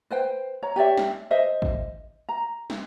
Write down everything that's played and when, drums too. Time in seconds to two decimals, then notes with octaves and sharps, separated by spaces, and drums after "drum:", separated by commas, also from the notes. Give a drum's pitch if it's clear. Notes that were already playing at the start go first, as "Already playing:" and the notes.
0.11 B4 C5 G5
0.63 C#5 A#5
0.76 G4 C#5 D5 E5
0.97 drum: snare
1.31 C5 D#5 E5
1.62 drum: kick
2.29 A#5
2.70 drum: snare